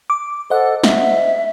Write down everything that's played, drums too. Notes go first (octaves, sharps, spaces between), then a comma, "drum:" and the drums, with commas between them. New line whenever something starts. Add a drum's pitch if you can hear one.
D6
A4 C5 D#5 F#5
E5, drum: snare